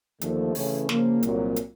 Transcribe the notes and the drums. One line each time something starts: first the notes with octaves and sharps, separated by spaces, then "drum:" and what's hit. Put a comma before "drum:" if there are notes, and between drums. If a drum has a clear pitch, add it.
D#2 D3 F3 A3, drum: hi-hat
C#3 E3 A3 C#4, drum: open hi-hat
C#3 F3 A#3, drum: snare
C2 A#2 F#3, drum: hi-hat
drum: hi-hat